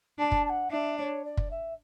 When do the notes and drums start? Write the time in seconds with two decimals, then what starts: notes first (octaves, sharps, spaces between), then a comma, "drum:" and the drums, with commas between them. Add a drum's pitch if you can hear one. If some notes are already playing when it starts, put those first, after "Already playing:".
0.18 D4 A5
0.32 drum: kick
0.45 A5
0.49 F#5
0.71 D4 E5
0.98 C#5
1.24 D5
1.37 drum: kick
1.51 E5